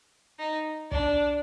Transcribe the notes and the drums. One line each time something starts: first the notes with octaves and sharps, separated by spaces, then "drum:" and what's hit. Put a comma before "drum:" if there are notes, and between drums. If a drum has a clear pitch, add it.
D#4
D4, drum: kick